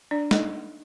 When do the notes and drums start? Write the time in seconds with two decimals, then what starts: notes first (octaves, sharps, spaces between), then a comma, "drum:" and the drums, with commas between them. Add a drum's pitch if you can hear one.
0.11 D4 D5
0.31 D#4 D#5, drum: snare